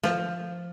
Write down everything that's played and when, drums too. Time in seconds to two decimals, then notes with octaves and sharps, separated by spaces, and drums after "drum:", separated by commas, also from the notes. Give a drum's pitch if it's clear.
0.03 F3, drum: snare